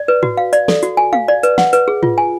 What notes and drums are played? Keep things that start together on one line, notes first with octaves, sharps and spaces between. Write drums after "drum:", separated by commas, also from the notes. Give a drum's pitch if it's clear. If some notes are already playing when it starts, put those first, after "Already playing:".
Already playing: D5
B4
F#4, drum: tom
F5
D5, drum: hi-hat
A4, drum: snare
F#4, drum: hi-hat
G#5
F5, drum: tom
D5
B4, drum: hi-hat
F#5, drum: snare
B4, drum: hi-hat
G#4
F4, drum: tom
G#5